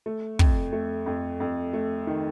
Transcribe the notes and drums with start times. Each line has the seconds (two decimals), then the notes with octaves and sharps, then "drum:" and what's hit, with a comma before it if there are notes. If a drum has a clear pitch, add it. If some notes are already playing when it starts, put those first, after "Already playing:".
0.06 A3
0.39 F2, drum: kick
0.73 A3
1.06 F2
1.40 F2
1.73 A3
2.07 D#3